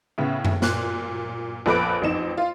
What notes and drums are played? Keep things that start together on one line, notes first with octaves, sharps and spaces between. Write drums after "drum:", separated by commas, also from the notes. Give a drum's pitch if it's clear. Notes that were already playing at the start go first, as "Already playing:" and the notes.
A2 C#3 B3
drum: tom F#2
A#2 F#6, drum: snare
A#1 F2 A4 B4 D6 D7
A1 F2 D#4 E7
F4